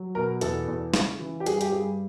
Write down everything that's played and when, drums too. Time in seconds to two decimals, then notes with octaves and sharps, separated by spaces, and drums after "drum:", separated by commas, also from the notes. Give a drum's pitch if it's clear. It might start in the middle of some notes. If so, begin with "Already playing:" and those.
Already playing: F#3
0.15 B2 A#4
0.41 E2 A4, drum: hi-hat
0.68 E2
0.94 C#3, drum: snare
1.20 E3
1.40 G4
1.46 G2 G#4, drum: hi-hat
1.61 G4, drum: hi-hat
1.72 G2 G#4